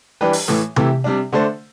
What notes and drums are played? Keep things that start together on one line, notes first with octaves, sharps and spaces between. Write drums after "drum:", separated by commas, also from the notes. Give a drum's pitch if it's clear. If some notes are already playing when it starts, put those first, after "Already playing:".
E3 G3 D4 G4 B4
drum: open hi-hat
A2 E3 A3, drum: snare
C3 E3 A3 E4 G4, drum: tom C3
C3 G3 D4
D3 A3 D4 A4 C5